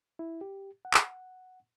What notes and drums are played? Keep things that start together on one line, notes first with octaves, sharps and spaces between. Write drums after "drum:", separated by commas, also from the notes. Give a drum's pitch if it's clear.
E4
G4
F#5
drum: clap